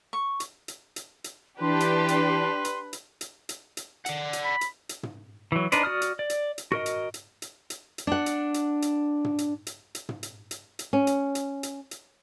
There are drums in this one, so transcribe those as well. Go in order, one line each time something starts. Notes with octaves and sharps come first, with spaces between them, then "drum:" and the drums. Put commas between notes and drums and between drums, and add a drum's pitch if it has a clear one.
C#6
drum: hi-hat
drum: hi-hat
drum: hi-hat
drum: hi-hat
E3 D4 G4 B4 C6
drum: hi-hat
drum: hi-hat
drum: hi-hat
drum: hi-hat
drum: hi-hat
drum: hi-hat
drum: hi-hat
D5 F#5, drum: hi-hat
drum: hi-hat
B5
drum: hi-hat
drum: hi-hat
drum: tom
E3 F#3
D4 D#4 B4 C5 D5, drum: hi-hat
F#4 D5 D#6 F6
drum: hi-hat
D5
drum: hi-hat
drum: hi-hat
F#4 A#4 D#5, drum: tom
drum: hi-hat
drum: hi-hat
drum: hi-hat
drum: hi-hat
drum: hi-hat
D4 F#5
drum: hi-hat
drum: hi-hat
drum: hi-hat
drum: tom
drum: hi-hat
drum: hi-hat
drum: hi-hat
drum: tom
drum: hi-hat
drum: hi-hat
drum: hi-hat
C#4
drum: hi-hat
drum: hi-hat
drum: hi-hat
drum: hi-hat